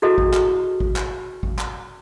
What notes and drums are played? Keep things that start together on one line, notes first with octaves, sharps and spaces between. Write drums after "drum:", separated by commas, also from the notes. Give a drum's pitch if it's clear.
E4 F#4 G#4 A4 D#5
drum: kick
drum: clap
drum: kick
drum: clap
drum: kick
drum: clap